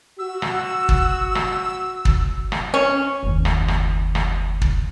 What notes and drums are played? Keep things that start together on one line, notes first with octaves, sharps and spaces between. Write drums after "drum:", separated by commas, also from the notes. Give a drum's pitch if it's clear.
F#4 E6
drum: rim click
drum: kick
drum: rim click
drum: kick
drum: rim click
C#4
F#1 D#2
drum: rim click
drum: rim click
drum: rim click
drum: kick